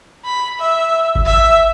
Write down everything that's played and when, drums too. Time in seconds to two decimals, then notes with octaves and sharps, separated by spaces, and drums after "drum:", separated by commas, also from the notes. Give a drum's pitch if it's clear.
0.25 B5
0.60 E5
1.15 drum: kick G1
1.26 E5